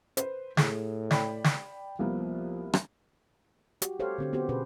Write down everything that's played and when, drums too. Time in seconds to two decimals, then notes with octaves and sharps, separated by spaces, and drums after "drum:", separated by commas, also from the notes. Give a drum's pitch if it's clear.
0.17 B4 C5, drum: hi-hat
0.57 A2 G#4, drum: snare
1.11 D5 G5 B5, drum: snare
1.44 drum: snare
1.99 C2 F3 A#3 B3
2.73 drum: rim click
3.82 F#4 G4, drum: hi-hat
4.00 G4 A4 C5 C#5 F5
4.18 D3 C4 G4
4.33 B3 C4 F#4 G4 C5
4.49 B2 C#4 G#4 B4 C5